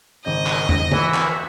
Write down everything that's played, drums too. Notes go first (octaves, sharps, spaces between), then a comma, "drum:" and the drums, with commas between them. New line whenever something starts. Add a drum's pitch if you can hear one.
G#1 C#3 D#5 G6
drum: clap
drum: tom
E3 F#4 E5, drum: tom D3
drum: clap